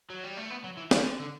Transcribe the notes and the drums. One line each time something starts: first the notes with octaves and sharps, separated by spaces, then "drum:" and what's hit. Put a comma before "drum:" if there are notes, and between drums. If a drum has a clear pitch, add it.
F#3
G3
A3
B3
F#3
E3
D3, drum: snare
D3
D3